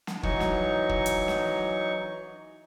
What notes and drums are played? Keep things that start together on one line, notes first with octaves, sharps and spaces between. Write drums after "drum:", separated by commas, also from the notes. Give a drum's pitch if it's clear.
drum: snare
E3 F#3 D#4 C#6, drum: kick
drum: snare
drum: kick
drum: hi-hat
drum: snare